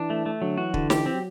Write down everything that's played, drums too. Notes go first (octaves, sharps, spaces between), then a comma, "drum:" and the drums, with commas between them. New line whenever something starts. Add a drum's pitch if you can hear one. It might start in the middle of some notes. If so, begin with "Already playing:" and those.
Already playing: E3 D4
A3
A3
D3 F#3
E3 F#4
D3 E3, drum: kick
E3 G4, drum: snare
E3 C4
F#3